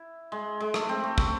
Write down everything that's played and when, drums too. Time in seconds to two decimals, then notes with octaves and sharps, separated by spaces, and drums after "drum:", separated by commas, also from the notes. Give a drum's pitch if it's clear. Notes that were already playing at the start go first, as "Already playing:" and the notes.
Already playing: E4
0.32 G#3
0.60 G#3
0.74 A3, drum: rim click
0.89 C4
1.03 A3
1.18 A3, drum: kick